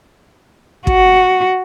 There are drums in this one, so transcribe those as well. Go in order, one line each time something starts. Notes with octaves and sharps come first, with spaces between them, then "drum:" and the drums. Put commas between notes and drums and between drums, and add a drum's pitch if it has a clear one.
F#4, drum: kick